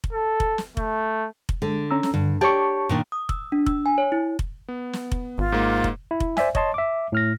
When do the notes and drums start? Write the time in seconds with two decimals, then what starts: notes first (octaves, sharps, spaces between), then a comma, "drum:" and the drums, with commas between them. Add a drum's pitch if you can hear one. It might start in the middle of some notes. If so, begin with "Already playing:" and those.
0.04 drum: kick F1
0.13 A4
0.40 drum: kick F1
0.58 drum: snare
0.77 A3, drum: kick F1
1.49 drum: kick F1
1.62 D3 G#3
1.91 C#4 A#5 E6
2.03 drum: snare
2.14 G2 D3
2.41 G4 C#5 D5 A5 C#6
2.89 A#2 D#3 D4
3.12 D#6
3.29 E6, drum: kick F1
3.52 D4
3.66 E6, drum: kick F1
3.86 G#5
3.98 C#5
4.12 E4
4.39 drum: kick F1
4.68 B3
4.93 drum: snare
5.12 drum: kick F1
5.38 G#1 F4
5.52 G#2 A#3
5.84 drum: kick F1
6.11 E4
6.20 drum: kick F1
6.37 C5 D5 E5 G#5, drum: snare
6.55 C#5 D#5 A5 C6, drum: kick F1
6.74 E5 D6
7.12 A2 F6 A#6